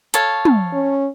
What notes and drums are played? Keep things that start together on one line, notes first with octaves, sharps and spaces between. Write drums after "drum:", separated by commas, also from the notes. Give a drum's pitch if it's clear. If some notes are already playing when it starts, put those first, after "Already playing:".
A4 C#5 F5, drum: hi-hat
drum: tom
C#4